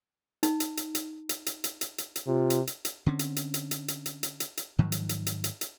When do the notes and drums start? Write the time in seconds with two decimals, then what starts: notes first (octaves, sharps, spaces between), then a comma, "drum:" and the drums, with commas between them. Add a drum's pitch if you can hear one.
0.43 D#4, drum: hi-hat
0.60 drum: hi-hat
0.77 drum: hi-hat
0.95 drum: hi-hat
1.29 drum: hi-hat
1.46 drum: hi-hat
1.64 drum: hi-hat
1.81 drum: hi-hat
1.98 drum: hi-hat
2.16 drum: hi-hat
2.27 C3 F4
2.50 drum: hi-hat
2.67 drum: hi-hat
2.85 drum: hi-hat
3.06 D3 C4 C#4
3.19 drum: hi-hat
3.36 drum: hi-hat
3.54 drum: hi-hat
3.71 drum: hi-hat
3.88 drum: hi-hat
4.06 drum: hi-hat
4.23 drum: hi-hat
4.40 drum: hi-hat
4.57 drum: hi-hat
4.78 G#2 D#3 F3 F#3
4.92 drum: hi-hat
5.09 drum: hi-hat
5.26 drum: hi-hat
5.44 drum: hi-hat
5.61 drum: hi-hat